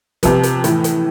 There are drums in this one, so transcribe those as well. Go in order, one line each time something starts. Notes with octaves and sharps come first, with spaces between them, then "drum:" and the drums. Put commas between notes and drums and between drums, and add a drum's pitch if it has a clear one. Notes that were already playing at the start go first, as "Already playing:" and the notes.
C3 F3 B4, drum: kick, hi-hat
drum: hi-hat
A2 E3, drum: hi-hat
drum: hi-hat